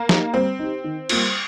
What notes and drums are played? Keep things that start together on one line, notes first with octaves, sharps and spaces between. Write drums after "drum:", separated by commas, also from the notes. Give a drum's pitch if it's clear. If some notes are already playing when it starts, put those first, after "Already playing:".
Already playing: A#3
D#4 G4, drum: snare
G3 C4
D#4 G4
D#3
G3 A#3 F4, drum: cymbal